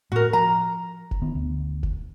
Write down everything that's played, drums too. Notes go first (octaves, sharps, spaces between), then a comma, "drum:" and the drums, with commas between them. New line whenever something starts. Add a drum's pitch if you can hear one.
A2 A3 F#4 A#4
F3 A#5
drum: kick F1
D#3 B3
D2
drum: kick F1